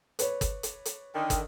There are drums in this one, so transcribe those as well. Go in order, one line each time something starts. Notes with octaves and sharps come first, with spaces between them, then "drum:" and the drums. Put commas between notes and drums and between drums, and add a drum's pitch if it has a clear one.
B4 C#5, drum: hi-hat
drum: kick, hi-hat
drum: hi-hat
drum: hi-hat
D3 D#3 G5
drum: kick, hi-hat